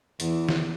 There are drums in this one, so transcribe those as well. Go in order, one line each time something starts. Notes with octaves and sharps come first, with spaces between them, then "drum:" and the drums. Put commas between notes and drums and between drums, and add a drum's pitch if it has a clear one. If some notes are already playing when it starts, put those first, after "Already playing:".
E2 E3, drum: hi-hat
drum: snare